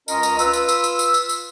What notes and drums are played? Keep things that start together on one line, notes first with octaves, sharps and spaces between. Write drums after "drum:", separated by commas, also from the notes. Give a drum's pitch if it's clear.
C#2 C#4 F4 A#4 D#5 A#5, drum: tambourine
drum: tambourine
F4 B4 E6, drum: tambourine
drum: tambourine
drum: tambourine
drum: tambourine
drum: tambourine
drum: tambourine
drum: tambourine